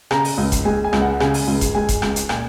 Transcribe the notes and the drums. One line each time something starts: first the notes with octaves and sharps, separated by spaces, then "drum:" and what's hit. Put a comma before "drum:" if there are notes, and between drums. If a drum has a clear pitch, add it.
C#3 A#5, drum: rim click
drum: open hi-hat
C#2
drum: kick E1, hi-hat
G#3 G#5
G#5
C#2, drum: rim click
F#5
C#3 G#5, drum: rim click
drum: open hi-hat
C#2
drum: kick E1, hi-hat
G#3 G#5
drum: kick E1, hi-hat
C#2, drum: rim click
drum: hi-hat
A#2 G#5, drum: rim click